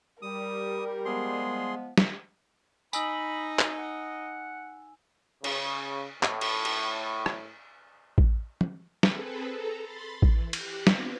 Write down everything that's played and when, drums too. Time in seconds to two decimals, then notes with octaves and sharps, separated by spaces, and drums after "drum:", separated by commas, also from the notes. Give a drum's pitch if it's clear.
0.22 G3 A#4 D#6
1.05 F3 G#3 B3 G#4 C6
1.98 drum: snare
2.93 D#4 D#5 G#5 B5 E6 F#7, drum: tambourine
3.59 drum: clap
3.79 F#5
5.44 C#3, drum: cymbal
6.23 A2, drum: clap
6.41 drum: cymbal
6.65 drum: cymbal
7.26 drum: rim click
8.18 drum: kick A1
8.61 drum: tom
9.03 C4 G#4 A4 B4, drum: snare
9.48 A4 A#5
9.81 B5 C6 A6
10.22 E3, drum: kick A1
10.53 G4 F#6, drum: cymbal
10.87 B3 C4 D4 F4 B4, drum: snare